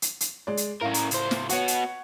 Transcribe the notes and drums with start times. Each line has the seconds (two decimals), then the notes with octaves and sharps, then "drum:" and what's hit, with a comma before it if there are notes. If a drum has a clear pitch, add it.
0.02 drum: hi-hat
0.20 drum: hi-hat
0.47 G#3 D5
0.57 drum: hi-hat
0.81 A2 C#3 A#4 F5
0.94 drum: hi-hat
1.11 C#2 C5, drum: hi-hat
1.31 drum: snare
1.49 B3 F#4 C#5 F#5, drum: hi-hat
1.68 drum: hi-hat